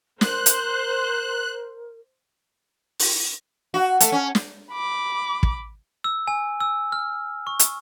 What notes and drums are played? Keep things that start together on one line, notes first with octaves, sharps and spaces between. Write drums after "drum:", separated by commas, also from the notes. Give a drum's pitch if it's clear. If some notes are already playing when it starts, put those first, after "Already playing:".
A#4 C5 F#6, drum: snare
drum: hi-hat
drum: open hi-hat
F#4
A3, drum: hi-hat
C#4
drum: snare
B5 D6
drum: kick
E6
G#5
E6
F6
C#6
drum: hi-hat